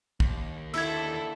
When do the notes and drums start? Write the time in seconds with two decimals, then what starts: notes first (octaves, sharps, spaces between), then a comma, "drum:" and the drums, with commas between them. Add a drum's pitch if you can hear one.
0.20 D#2, drum: kick
0.74 D3 A#3 E4 A4 E6 G#6, drum: cymbal